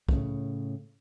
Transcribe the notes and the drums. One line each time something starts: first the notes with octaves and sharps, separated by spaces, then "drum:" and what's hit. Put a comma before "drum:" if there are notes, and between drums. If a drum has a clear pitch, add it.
A2 C#3, drum: kick